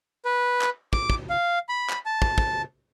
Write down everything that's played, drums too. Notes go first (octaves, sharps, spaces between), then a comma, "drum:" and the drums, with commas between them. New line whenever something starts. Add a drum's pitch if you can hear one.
B4
drum: clap
D6, drum: kick
drum: kick
F5
B5
drum: clap
A5
drum: kick
drum: kick